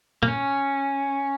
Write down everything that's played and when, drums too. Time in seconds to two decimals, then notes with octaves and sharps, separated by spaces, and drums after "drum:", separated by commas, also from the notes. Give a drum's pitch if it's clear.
0.23 A#3, drum: tom A#2
0.28 C#4